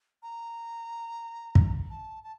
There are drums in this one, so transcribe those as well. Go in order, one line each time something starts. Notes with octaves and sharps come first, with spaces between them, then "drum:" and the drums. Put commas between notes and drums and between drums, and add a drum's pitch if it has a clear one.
A#5
drum: kick
A5
A5